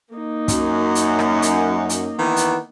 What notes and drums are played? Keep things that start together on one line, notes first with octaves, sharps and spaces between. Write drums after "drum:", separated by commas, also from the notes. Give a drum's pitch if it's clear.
A#3 D#4
F#2, drum: kick, hi-hat
drum: hi-hat
drum: rim click
drum: hi-hat
drum: hi-hat
D#3 E3 B3
drum: hi-hat